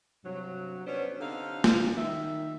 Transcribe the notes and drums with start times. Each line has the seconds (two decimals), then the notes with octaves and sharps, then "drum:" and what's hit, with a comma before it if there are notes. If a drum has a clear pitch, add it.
0.23 G2 C3 F#3
0.86 B3 C#4 D4 B4 C5
1.20 D3 C4 D#4 G4 F5
1.64 drum: snare
1.96 D#3 E5